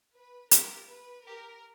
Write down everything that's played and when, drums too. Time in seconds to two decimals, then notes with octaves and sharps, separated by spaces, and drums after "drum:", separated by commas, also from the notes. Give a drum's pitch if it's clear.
0.15 B4
0.51 G4 A#4, drum: hi-hat
0.90 B4
1.26 G4 A#4